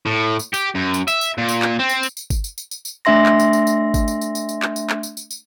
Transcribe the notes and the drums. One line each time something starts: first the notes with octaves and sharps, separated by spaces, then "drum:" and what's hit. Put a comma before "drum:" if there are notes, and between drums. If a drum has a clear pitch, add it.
A2
drum: tambourine
G4, drum: tambourine
F#2
drum: tambourine
E5, drum: tambourine
drum: tambourine
A#2
drum: tambourine
drum: clap
C4
drum: tambourine
drum: tambourine
drum: tambourine
drum: kick G1, tambourine
drum: tambourine
drum: tambourine
drum: tambourine
drum: tambourine
A3 D4 E5 C6 A#6
drum: clap
drum: tambourine
drum: tambourine
drum: tambourine
drum: kick G1, tambourine
drum: tambourine
drum: tambourine
drum: tambourine
drum: tambourine
drum: clap
drum: tambourine
drum: clap
drum: tambourine
drum: tambourine
drum: tambourine